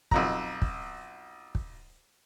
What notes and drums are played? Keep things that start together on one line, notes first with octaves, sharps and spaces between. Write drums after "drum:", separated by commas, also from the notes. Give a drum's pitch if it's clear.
B1 F2 A#5, drum: kick
drum: kick
drum: kick